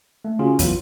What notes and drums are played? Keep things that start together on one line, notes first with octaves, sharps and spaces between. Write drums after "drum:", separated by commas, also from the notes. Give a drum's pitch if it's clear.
A3
C#3 C#4 F4 F#4 G#4
E3 F#3 B3 E4 F4, drum: kick, hi-hat